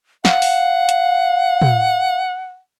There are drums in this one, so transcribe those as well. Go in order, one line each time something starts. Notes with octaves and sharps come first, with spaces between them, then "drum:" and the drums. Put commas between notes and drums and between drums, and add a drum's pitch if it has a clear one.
F5 F#5, drum: snare
drum: open hi-hat
drum: hi-hat
drum: tom